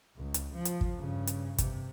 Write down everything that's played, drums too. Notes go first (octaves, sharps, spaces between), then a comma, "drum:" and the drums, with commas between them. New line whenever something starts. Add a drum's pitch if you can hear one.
C#2
drum: hi-hat
F3
drum: hi-hat
drum: kick
G2 C#3
drum: hi-hat
C3, drum: kick, hi-hat